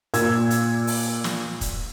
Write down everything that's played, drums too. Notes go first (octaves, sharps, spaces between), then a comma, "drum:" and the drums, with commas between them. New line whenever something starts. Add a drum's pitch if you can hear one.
A#2 A#3 E6 G#6, drum: hi-hat
drum: hi-hat
drum: open hi-hat
drum: snare
drum: kick, hi-hat